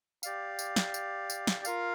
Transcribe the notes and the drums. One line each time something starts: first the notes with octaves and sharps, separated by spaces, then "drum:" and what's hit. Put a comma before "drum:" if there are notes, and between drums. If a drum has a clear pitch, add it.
G4 D5 F5, drum: tambourine
drum: tambourine
drum: snare
drum: tambourine
drum: tambourine
drum: snare
F4 A#4 F5, drum: tambourine